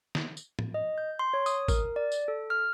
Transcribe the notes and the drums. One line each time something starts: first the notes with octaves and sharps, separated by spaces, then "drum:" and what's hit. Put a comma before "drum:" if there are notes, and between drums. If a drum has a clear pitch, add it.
drum: snare
drum: tambourine
drum: tom
D#5
G6
C6
C#5
D#6, drum: tambourine
A#4, drum: kick, tambourine
D5
drum: tambourine
A4
F6